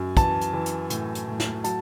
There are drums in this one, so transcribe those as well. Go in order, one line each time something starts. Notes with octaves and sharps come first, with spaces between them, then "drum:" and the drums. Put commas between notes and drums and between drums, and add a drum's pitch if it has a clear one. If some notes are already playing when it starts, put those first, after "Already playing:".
Already playing: F#2
E3 A5, drum: kick, hi-hat
drum: hi-hat
E3
drum: hi-hat
A2, drum: hi-hat
drum: hi-hat
A2
drum: snare
F#3 A5, drum: hi-hat